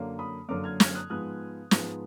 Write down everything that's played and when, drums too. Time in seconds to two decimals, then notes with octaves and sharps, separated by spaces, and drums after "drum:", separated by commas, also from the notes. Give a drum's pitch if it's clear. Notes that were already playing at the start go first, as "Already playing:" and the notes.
Already playing: F#2 D3 F#3 A#3
0.19 B5 D#6
0.49 F#2 D3 F#3 A#3 D6 F6
0.64 F6 G#6
0.80 F6 G#6, drum: snare
0.95 D#6 F#6
1.10 G#2 F3 G#3 B3 D#6 F#6
1.71 G#2 F3 G#3 B3, drum: snare